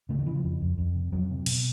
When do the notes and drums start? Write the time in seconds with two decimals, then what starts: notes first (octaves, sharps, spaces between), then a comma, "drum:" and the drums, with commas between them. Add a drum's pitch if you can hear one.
0.09 C#3 A3
0.19 D#3
0.26 C#3 E3
0.35 F3
0.44 F2
0.62 F2
0.78 F2
0.95 C3
1.12 F2 F#3
1.30 C3
1.46 B2, drum: cymbal